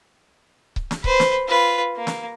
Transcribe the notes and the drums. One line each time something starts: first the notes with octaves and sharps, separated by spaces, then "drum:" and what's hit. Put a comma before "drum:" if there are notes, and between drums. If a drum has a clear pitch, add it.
drum: kick C#1
drum: snare
B4 C5, drum: kick C#1
drum: snare
F4 B4
A#3
drum: snare